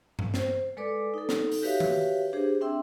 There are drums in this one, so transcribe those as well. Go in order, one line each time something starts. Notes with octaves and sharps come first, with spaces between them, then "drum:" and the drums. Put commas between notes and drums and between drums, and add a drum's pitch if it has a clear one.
drum: tom G2
C5, drum: snare
G#3 A4 B4 D5 D6
D#4 A4
drum: snare
drum: open hi-hat
F#4 G4 B4 C#5 E5 F5
drum: tom D#3
D4 G4 G#4 C5
C4 D4 E5 G5 C6 E6